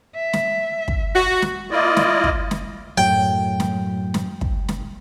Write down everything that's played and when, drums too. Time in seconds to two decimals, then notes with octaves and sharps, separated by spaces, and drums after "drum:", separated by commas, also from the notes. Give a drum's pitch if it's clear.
0.15 E5
0.33 drum: snare
0.88 drum: kick
1.15 F#4
1.42 drum: snare
1.71 A#3 E4 F4 D5 D#5
1.97 drum: snare
2.24 drum: kick
2.51 drum: snare
2.98 F#2 A2 F#3 G5
3.60 drum: snare
4.14 drum: snare
4.41 drum: kick
4.68 drum: snare